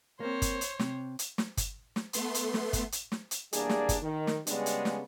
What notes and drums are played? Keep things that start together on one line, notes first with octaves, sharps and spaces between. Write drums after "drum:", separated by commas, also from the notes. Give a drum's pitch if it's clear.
A#3 C4 C5 C#5
drum: kick G1, hi-hat
drum: hi-hat
C3, drum: snare
drum: hi-hat
drum: snare
drum: kick G1, hi-hat
drum: snare
A3 B3 C6, drum: hi-hat
drum: hi-hat
drum: snare
drum: kick G1, hi-hat
drum: hi-hat
drum: snare
drum: hi-hat
E2 G3 A#3 D4 G#4 D5, drum: hi-hat
drum: snare
drum: kick G1, hi-hat
D#3
drum: snare
C#3 G3 G#3 B3 D4, drum: hi-hat
drum: hi-hat
drum: snare